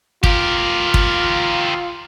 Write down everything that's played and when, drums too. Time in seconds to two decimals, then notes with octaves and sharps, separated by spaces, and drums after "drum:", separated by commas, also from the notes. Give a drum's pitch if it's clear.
0.23 F4 G4 A#4, drum: kick
0.94 drum: kick